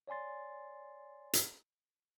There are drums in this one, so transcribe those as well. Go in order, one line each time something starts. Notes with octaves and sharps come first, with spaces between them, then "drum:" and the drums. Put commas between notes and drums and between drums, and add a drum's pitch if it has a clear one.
C#5 D5 G#5 C6 A6
drum: hi-hat